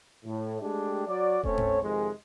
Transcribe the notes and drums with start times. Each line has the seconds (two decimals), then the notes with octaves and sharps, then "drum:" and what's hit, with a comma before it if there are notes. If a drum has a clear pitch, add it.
0.25 A2
0.62 G#3 A3 D4 G4
1.07 F#3 F#4 D5
1.44 A3 C4 C#4 C#5, drum: kick E1
1.58 drum: tom G2
1.82 F2 C3 D#3 G#3